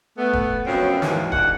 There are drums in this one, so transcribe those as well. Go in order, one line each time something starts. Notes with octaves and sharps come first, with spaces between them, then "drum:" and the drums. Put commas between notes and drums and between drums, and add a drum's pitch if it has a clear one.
A3 B3
drum: kick E1
F#2 B2 F3 F#3 C4 C#4
D#2 G#2 B2 D#3 E3, drum: snare
G#2 A#3 D4 F#5, drum: kick E1